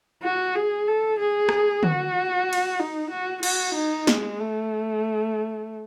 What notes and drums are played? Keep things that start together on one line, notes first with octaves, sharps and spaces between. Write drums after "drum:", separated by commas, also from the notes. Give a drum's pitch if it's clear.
F#4
G#4
A4
G#4
drum: rim click
F#4, drum: tom D3
drum: cymbal
D#4
F#4
F#4, drum: cymbal
D#4
G#3, drum: snare
A3